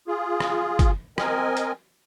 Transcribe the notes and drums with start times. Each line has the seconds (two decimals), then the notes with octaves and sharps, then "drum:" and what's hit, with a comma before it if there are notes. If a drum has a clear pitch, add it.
0.08 F4 G#4
0.40 drum: rim click
0.79 drum: kick, hi-hat
1.18 C4 A#4 D#5 G#5, drum: rim click
1.57 drum: hi-hat